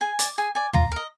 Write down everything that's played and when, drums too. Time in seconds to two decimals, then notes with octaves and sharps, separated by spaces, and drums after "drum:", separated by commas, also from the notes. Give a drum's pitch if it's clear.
0.01 G#4 G#5
0.19 D5, drum: hi-hat
0.38 G#4 G#5
0.55 D5 G#5
0.73 F4 A#5, drum: tom
0.92 A#4 D#5